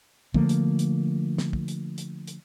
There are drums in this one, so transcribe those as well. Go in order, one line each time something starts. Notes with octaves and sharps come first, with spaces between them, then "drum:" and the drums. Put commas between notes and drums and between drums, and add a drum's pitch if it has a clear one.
D3 F3 A3 A#3, drum: kick
drum: hi-hat
drum: hi-hat
drum: snare
drum: kick
drum: hi-hat
drum: hi-hat
drum: hi-hat